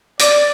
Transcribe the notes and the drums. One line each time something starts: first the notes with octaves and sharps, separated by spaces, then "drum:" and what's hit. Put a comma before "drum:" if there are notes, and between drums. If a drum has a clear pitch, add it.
D5, drum: hi-hat